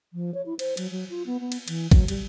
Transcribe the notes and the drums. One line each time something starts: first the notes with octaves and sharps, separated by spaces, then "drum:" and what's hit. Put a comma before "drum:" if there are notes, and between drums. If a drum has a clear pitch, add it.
F3
C#5
E4
C5, drum: cymbal
F#3, drum: cymbal
F#3
F4
B3
B3
drum: cymbal
E3, drum: cymbal
F#3, drum: kick, cymbal
G3, drum: cymbal